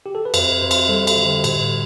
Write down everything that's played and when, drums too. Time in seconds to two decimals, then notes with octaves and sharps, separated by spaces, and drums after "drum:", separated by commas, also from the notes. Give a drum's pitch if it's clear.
0.06 G4
0.15 A4
0.25 B4
0.34 F2 C5, drum: cymbal
0.61 F2 C5
0.71 drum: cymbal
0.89 G3 A4
1.07 drum: cymbal
1.17 D3 G4
1.44 A2, drum: cymbal